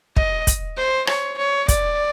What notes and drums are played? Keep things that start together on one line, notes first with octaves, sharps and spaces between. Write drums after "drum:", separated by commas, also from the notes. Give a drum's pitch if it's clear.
D#5, drum: kick
drum: kick, hi-hat
C5
C#5, drum: rim click
C#5
D5, drum: kick, hi-hat